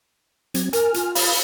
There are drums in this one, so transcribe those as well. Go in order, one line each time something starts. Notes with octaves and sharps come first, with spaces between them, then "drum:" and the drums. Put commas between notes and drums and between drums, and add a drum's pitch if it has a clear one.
F#3 C4 G#6, drum: hi-hat
A#4 G#5 F6, drum: hi-hat
F4, drum: hi-hat
F5 B5, drum: open hi-hat